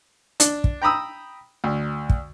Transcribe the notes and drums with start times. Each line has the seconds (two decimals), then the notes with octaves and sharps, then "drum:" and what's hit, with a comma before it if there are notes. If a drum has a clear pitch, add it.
0.40 D4, drum: hi-hat
0.64 drum: kick
0.82 G5 A#5 B5 D#6 E6
1.64 D2
2.10 drum: kick